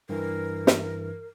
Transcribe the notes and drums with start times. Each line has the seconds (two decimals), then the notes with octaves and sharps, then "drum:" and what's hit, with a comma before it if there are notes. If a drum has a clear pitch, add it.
0.09 G2 E3 A#4
0.67 drum: snare